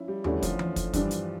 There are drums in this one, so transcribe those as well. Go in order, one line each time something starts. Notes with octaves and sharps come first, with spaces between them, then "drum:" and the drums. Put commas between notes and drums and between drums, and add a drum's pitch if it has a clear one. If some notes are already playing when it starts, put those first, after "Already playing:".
Already playing: C#3 F3 C#4 E4
G3
E2 D3 G3 A3 C#4 E4, drum: tom D#2
F3, drum: kick, hi-hat
drum: tom E3
drum: kick, hi-hat
G2 E3 G3 D4, drum: kick, hi-hat
drum: hi-hat